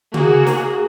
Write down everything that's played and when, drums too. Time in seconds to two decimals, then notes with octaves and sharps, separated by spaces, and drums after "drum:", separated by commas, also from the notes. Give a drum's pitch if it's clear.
0.14 A#3 F#4 G#4, drum: tom C#3
0.47 drum: snare